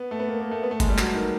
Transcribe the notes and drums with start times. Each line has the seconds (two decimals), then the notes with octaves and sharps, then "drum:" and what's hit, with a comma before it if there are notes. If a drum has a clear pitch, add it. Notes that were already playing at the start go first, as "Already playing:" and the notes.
Already playing: B3
0.11 A3
0.20 B3
0.28 A#3
0.40 A#3
0.51 A3
0.63 B3
0.71 A3
0.80 G#3, drum: kick G1, hi-hat
0.89 G3
0.98 F#3, drum: clap
1.15 D#3